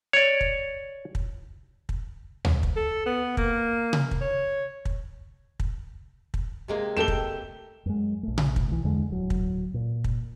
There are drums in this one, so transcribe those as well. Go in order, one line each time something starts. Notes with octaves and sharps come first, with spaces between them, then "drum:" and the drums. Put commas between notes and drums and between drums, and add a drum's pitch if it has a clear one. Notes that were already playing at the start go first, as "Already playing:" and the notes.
C#5 D5
drum: kick
drum: kick
drum: kick
drum: tom D2
drum: kick
A4
B3
A#3, drum: kick
drum: tom C3
drum: kick
C#5
drum: kick
drum: kick
drum: kick
C3 G#3 A#3
A3 C4 G4 A4 E7 G7
drum: kick
F#2 G#3
A#1 A3
drum: tom C3
drum: kick
B1 E3
E2 D3 G#3
D1 F#3
drum: kick
A#2
drum: kick